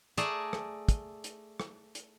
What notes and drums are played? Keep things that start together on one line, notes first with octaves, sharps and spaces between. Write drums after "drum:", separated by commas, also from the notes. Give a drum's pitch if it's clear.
A3 G#4 D5 A5 A#5, drum: hi-hat
drum: rim click
drum: kick, hi-hat
drum: hi-hat
drum: rim click
drum: hi-hat